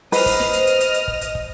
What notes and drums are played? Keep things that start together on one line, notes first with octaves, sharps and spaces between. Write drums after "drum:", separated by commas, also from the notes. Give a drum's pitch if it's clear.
B4 C5 D#5 D#6 F6, drum: open hi-hat
drum: kick, open hi-hat
drum: snare
drum: hi-hat
drum: hi-hat
drum: hi-hat
drum: hi-hat
drum: kick
drum: hi-hat
drum: kick